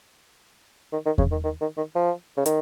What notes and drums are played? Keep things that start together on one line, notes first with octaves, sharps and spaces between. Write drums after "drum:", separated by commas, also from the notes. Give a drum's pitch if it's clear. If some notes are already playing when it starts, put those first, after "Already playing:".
D#3
D#3
C#3, drum: kick E2
D#3
D#3
D#3
D#3
F3
C#3
D#3, drum: hi-hat